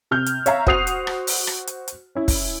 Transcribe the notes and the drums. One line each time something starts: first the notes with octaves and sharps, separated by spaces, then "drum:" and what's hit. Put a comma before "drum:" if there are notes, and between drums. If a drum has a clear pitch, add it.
C3 F6 G6
drum: hi-hat
C#5 E5 F5 A#5, drum: hi-hat
F#4 C5 D#6 C7 F7, drum: kick
drum: hi-hat
drum: rim click
drum: open hi-hat
drum: rim click
drum: hi-hat
drum: hi-hat
C#4 E4
drum: kick, open hi-hat